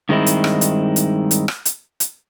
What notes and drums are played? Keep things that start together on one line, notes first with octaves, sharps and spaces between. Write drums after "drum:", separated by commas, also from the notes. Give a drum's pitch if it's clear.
G2 D#3 G#3 C4 D#4 E4
drum: hi-hat
drum: rim click
drum: hi-hat
drum: hi-hat
drum: hi-hat
drum: rim click
drum: hi-hat
drum: hi-hat